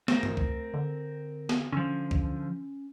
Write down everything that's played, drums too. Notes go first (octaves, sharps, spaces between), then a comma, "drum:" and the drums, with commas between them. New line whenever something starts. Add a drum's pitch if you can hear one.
A3 C4 A#4, drum: snare
drum: tom G2
drum: kick C#2
D3
drum: snare
D3 F3 C#4
drum: kick C#2